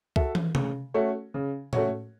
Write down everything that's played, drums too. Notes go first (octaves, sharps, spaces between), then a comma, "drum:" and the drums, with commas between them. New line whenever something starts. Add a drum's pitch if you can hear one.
F#4 A4 E5, drum: kick C#2
drum: tom
C#3, drum: tom
A3 C#4 F#4 C#5
C#3
A3 C#4 F#4 C#5, drum: tom